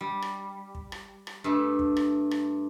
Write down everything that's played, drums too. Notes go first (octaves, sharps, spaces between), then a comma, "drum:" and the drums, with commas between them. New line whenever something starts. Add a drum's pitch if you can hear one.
G3
drum: rim click
drum: kick
drum: rim click
drum: rim click
G2 A3
drum: kick
drum: rim click
drum: rim click